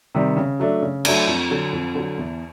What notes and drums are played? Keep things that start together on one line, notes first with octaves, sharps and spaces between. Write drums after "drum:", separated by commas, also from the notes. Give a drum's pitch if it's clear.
C3 D#3 G3
C#3
F#3 A3 D4
C#3
F#3 A3 D4, drum: cymbal
F2
D3 F#3
F2
D3 F#3
E2